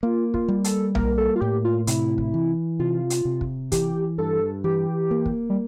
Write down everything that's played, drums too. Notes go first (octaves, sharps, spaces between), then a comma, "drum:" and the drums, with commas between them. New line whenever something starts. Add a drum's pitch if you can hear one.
A#3 F4
F4, drum: kick
G3
A4, drum: hi-hat
A#3 A#4, drum: tom B1
A4
F4
A2 G4
F4
C3 E4, drum: hi-hat
drum: kick
E3
C3 F4
drum: hi-hat
C3
drum: kick
E3 G4, drum: kick, hi-hat
G2 A4
E3 G4
A#3
drum: kick
G3